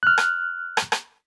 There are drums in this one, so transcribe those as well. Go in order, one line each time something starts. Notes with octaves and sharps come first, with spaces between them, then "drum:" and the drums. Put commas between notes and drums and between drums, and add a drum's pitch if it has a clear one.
F6 F#6
drum: rim click
drum: rim click
drum: rim click